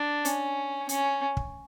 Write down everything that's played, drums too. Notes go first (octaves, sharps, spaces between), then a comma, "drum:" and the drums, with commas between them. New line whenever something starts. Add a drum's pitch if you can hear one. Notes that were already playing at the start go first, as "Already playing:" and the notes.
Already playing: D4
C#4, drum: hi-hat
C#4, drum: hi-hat
drum: kick